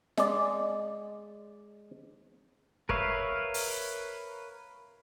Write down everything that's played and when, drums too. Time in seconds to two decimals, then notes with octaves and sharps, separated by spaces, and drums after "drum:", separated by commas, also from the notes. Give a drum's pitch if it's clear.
0.17 G#3 D5, drum: snare
2.89 A#4 B4 C#5 E5 F5, drum: kick G1
3.54 drum: open hi-hat